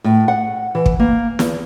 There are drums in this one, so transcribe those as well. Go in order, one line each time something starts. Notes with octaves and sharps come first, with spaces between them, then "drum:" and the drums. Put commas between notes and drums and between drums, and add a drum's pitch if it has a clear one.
A2
F#5
E3
drum: kick
A#3
E2, drum: snare